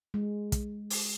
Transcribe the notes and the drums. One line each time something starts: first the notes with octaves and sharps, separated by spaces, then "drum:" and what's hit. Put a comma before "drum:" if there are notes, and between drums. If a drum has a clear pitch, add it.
G#3
drum: kick, hi-hat
drum: open hi-hat